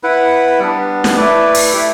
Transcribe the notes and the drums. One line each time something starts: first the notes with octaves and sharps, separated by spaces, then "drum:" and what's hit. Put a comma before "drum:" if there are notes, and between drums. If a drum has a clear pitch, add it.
E4 B4 F#5
G3 B3 D4
drum: snare
A3 E4 B4 D5
drum: open hi-hat
A3 E4 G4